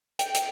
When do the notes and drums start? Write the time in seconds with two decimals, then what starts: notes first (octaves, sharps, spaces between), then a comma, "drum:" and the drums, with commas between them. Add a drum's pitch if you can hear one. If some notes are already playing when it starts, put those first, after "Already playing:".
0.19 G5, drum: hi-hat
0.34 drum: hi-hat